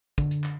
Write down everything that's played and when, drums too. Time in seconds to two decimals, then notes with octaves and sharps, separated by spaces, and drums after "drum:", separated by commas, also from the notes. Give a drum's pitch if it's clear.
0.18 D3, drum: kick, hi-hat
0.31 drum: hi-hat
0.44 drum: clap